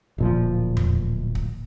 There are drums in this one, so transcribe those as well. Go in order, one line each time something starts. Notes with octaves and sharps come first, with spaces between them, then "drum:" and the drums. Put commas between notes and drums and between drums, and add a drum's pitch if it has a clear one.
D1 A#2 F3
drum: tom E2
drum: kick